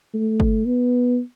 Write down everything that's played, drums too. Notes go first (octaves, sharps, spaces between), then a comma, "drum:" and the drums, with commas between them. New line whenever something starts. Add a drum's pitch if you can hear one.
A3
drum: kick G1
B3